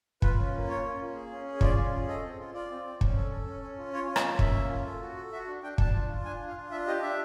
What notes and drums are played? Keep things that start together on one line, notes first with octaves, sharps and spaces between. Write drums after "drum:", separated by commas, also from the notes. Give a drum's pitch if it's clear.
F4 B4, drum: kick
C#4
A#3
F4 C#5
C#4
A#3
G#4
C#4
G#4
F4 D5, drum: kick
C#4
G#4
A4 D#5
C4
F4
F4 D5
C4
C4
C#4, drum: kick
A4
A4
C#4
C#4
F4
F4 C#5
C#4
D#5, drum: rim click
C#4
A#3 E5, drum: kick
C#4
F4
A4
F#4
A4
F#4 E5
D4
D4 G5
D4 A5, drum: kick
F4
F4
D4 G#5
D4
F5
F4
D4 E5
G4 D#5
D4 E5